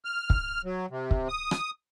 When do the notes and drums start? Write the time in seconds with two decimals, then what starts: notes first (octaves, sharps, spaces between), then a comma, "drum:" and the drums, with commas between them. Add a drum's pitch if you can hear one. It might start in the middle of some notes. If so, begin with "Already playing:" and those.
0.05 F6
0.30 drum: kick
0.65 F#3
0.90 C3
1.11 drum: kick
1.29 D#6
1.51 drum: rim click